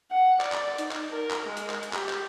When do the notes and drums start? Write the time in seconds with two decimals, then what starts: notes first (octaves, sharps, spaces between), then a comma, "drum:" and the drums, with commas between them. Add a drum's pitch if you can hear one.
0.11 F#5
0.41 D5, drum: clap
0.52 drum: clap
0.78 D#4, drum: hi-hat
0.91 drum: clap
1.11 A#4
1.31 drum: clap
1.46 G#3
1.57 drum: hi-hat
1.70 drum: clap
1.83 drum: hi-hat
1.93 G4, drum: clap
2.09 drum: clap